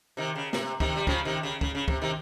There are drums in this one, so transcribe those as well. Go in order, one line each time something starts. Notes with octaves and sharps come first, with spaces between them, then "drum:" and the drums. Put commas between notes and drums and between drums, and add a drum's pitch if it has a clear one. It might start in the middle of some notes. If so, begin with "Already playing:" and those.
C3 D#3
C#3
C3, drum: snare
C3 D#3, drum: kick
G3
C#3 F3, drum: kick
C3 D#3
C#3
C#3, drum: kick
C#3
C3, drum: kick
C3 D#3